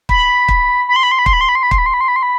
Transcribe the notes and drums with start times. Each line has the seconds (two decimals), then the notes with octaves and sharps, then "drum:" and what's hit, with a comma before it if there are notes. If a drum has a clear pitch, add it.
0.09 B5, drum: kick
0.48 drum: kick
0.89 B5
0.96 C6
1.03 B5
1.12 C6
1.19 B5
1.26 C6, drum: kick
1.33 B5
1.41 C6
1.49 B5
1.55 C6
1.63 B5
1.71 C6, drum: kick
1.78 B5
1.86 C6
1.94 B5
2.01 C6
2.08 B5
2.16 C6
2.23 B5